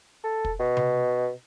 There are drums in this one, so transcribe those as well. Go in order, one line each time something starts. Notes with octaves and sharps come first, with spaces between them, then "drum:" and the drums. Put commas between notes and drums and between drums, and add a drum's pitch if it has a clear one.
A4
drum: kick
B2
drum: tom C3